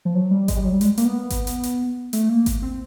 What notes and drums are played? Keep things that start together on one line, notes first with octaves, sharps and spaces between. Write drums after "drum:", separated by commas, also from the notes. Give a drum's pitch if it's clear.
F3
F#3
G3
G#3, drum: kick G#1, hi-hat
G3
F#3
G3
G#3, drum: hi-hat
A#3, drum: hi-hat
B3
drum: kick G#1, hi-hat
drum: hi-hat
drum: hi-hat
A3, drum: hi-hat
A#3
drum: kick G#1, hi-hat
C4